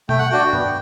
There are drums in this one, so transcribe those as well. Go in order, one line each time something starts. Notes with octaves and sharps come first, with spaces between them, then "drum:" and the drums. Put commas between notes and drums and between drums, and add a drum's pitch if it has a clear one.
A3 G5, drum: tom B2
F#5
D4 F#4 G5
B3, drum: tom G2